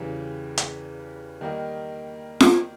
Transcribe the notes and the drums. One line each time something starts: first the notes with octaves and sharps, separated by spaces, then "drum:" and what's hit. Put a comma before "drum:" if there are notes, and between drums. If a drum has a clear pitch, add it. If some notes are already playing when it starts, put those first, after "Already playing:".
Already playing: E2 C#3 E3 G3
drum: hi-hat
D#3 G3 A#3 D#4
drum: snare F4